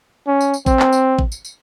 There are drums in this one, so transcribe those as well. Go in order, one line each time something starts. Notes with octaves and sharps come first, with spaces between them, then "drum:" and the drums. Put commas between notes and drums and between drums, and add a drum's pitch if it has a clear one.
C#4
drum: tambourine
drum: tambourine
C4, drum: kick A1, tambourine
drum: clap
drum: tambourine
drum: kick A1
drum: tambourine
drum: tambourine